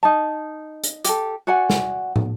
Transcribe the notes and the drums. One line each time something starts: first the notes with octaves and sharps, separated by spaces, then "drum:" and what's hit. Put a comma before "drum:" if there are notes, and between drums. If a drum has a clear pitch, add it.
D#4 A5
drum: hi-hat
G4 A4, drum: hi-hat
F#4 D5 F#5 G#5
drum: snare
drum: tom